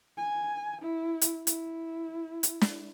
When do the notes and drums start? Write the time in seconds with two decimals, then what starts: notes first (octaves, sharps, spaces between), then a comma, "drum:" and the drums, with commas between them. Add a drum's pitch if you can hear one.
0.18 G#5
0.82 E4
1.21 drum: hi-hat
1.47 E4, drum: hi-hat
2.43 drum: hi-hat
2.61 drum: snare